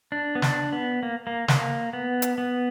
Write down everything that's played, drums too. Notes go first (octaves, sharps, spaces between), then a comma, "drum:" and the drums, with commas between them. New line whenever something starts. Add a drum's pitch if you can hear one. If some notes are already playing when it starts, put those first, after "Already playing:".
D4
B3
D4, drum: snare
B3
A#3
A#3
A#3, drum: snare
B3
drum: hi-hat
B3